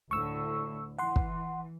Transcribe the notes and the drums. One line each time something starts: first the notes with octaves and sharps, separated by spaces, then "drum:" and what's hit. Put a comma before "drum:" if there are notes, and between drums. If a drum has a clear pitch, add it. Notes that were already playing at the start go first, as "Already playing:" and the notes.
D2 A2 D3 C#6 E6
E3 F#5 C6
drum: kick